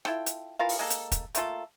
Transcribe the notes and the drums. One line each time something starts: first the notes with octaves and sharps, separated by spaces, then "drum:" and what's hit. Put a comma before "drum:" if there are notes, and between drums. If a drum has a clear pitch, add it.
E4 F4 A4 G5, drum: rim click
drum: hi-hat
E3 F4 A#4 F5
drum: open hi-hat
G#3 A#3 A4
drum: hi-hat
drum: kick, hi-hat
A3 A#3 F4 A4, drum: hi-hat